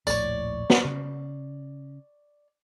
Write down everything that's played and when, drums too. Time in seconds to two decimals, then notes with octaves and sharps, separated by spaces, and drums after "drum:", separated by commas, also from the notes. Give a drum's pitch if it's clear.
0.07 D#1 A#1 A2 C#5 D5, drum: tambourine
0.70 drum: snare
0.85 C#3